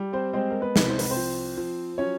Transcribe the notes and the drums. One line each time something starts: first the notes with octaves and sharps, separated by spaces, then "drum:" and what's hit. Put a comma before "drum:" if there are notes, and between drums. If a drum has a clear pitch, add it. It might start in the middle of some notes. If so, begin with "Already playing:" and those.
Already playing: G3
C4 C5
G#3 C4 C5
A#4
B3 B4
C2, drum: snare
C5
B4, drum: open hi-hat
C4 C5
F3
F3
F#3 C#4 C#5